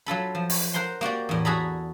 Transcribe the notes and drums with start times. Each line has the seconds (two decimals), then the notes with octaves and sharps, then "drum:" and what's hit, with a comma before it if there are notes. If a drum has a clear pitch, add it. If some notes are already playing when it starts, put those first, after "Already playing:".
0.06 F#3 F4 A4 B5
0.35 F3
0.50 drum: open hi-hat
0.74 A#4 C5 F#5 A#5 C6
1.01 A#3 F#4 G4 D5
1.29 E2 A2
1.45 F#4 G#4 A4 A#5 B5